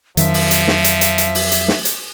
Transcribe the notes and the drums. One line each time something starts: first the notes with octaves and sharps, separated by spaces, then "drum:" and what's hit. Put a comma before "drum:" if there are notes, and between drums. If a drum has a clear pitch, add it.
F2 D#3 F3 F#3 E5, drum: hi-hat
drum: open hi-hat
drum: hi-hat
drum: snare
drum: hi-hat
drum: hi-hat
drum: hi-hat
drum: open hi-hat
drum: hi-hat
drum: snare
drum: hi-hat